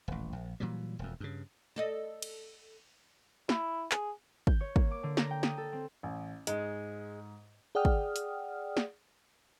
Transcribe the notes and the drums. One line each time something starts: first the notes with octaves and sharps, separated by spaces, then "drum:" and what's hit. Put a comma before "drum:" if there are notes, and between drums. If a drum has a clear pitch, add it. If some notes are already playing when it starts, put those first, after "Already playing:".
D#1 A1
A#1
A#2 E3 F#3 G3
E1 F2
G2 C#3
A4 D5 D#5
drum: cymbal
E4, drum: snare
G#4, drum: clap
G6, drum: kick
C#5
A#3, drum: kick
D6
D3
A#5, drum: snare
G5
D#6, drum: snare
A4
C4
A1
G#2 G#3, drum: hi-hat
G#4 D5 F#5 G5 D#6 F6
drum: kick
drum: hi-hat
drum: snare